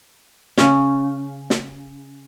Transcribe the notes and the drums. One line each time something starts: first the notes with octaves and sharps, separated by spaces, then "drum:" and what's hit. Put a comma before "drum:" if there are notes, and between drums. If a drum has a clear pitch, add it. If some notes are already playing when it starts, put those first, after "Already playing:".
C#3 C#4, drum: snare
drum: snare